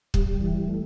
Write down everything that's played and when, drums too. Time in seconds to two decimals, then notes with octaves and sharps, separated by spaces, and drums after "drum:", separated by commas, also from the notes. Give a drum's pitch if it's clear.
0.14 G2 G3, drum: kick
0.41 E3
0.68 A3